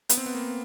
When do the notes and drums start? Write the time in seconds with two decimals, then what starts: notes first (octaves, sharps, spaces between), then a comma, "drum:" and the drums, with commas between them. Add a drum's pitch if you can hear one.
0.09 B3, drum: hi-hat
0.18 C4
0.26 B3
0.35 A#3